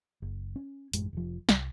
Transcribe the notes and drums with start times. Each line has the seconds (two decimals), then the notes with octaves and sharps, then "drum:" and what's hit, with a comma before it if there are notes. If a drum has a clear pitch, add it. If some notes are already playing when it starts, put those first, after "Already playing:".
0.22 F#1
0.56 C#4
0.93 A1 F#2 A2 G#3, drum: hi-hat
1.13 F1 F3
1.49 C2, drum: snare